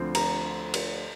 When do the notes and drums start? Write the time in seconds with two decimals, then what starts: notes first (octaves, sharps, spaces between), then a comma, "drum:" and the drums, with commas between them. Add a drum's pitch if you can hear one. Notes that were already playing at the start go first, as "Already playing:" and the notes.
Already playing: D2 D3 F3 C4
0.15 A#5, drum: cymbal
0.74 drum: cymbal